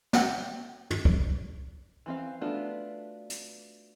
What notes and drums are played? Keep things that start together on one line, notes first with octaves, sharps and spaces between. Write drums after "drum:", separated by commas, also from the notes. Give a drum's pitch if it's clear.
E5 F#5 G5, drum: snare
drum: tom
drum: kick
E3 C4 F5
A3 B3 D4 F4 F#4
drum: hi-hat